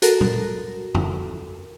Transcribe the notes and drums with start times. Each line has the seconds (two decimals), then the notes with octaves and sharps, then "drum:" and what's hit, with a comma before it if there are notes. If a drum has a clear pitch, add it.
0.02 F#4 A4 A#4, drum: hi-hat
0.21 drum: tom
0.95 drum: tom F2